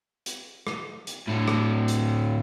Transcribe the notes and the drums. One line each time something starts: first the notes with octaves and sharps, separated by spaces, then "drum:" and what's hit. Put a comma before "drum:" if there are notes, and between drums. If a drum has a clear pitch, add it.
drum: hi-hat
drum: rim click
drum: hi-hat
A2 D3
drum: rim click
drum: hi-hat